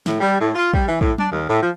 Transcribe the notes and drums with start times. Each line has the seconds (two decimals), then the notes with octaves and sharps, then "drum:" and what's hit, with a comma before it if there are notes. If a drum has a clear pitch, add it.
0.06 A2, drum: snare
0.21 G3
0.40 A2
0.54 F4
0.74 G3, drum: kick
0.88 E3
1.01 A2, drum: kick
1.18 D4, drum: tom F#3
1.31 D#2
1.49 A2
1.63 F3